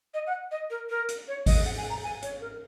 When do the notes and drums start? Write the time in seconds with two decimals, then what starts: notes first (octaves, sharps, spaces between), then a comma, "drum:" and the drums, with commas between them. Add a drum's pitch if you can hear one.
0.14 D#5
0.27 F#5
0.51 D#5
0.70 A#4
0.90 A#4
1.09 drum: hi-hat
1.28 C#5
1.46 D#5, drum: kick G#1, open hi-hat
1.65 F#5
1.77 G#5
1.90 A#5
2.04 G#5
2.22 C#5, drum: hi-hat
2.41 A#4